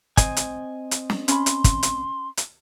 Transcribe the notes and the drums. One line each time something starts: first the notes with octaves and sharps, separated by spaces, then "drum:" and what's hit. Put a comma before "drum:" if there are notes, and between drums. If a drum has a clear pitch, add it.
C4 D#5 G#5, drum: kick, hi-hat
drum: hi-hat
drum: hi-hat
drum: snare
C#4 B5 C6, drum: hi-hat
drum: hi-hat
drum: kick, hi-hat
drum: hi-hat
drum: hi-hat